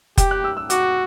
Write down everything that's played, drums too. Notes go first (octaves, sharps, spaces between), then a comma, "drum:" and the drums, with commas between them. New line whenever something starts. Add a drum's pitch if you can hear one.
G4 G5, drum: kick F1, hi-hat
F#6
E6
E6
F#4 D6, drum: hi-hat